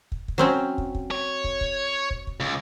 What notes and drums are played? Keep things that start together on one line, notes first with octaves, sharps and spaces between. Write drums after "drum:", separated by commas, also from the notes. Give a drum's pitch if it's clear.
drum: kick
drum: kick
F#3 C4 C#4
drum: kick
drum: kick
C#5
drum: kick
drum: kick
drum: kick
drum: kick
C#2